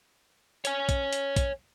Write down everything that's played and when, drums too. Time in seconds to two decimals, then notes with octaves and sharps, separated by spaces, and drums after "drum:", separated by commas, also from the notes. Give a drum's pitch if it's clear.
0.65 C#5 G#5, drum: hi-hat
0.89 drum: kick, hi-hat
1.13 drum: hi-hat
1.36 drum: kick, hi-hat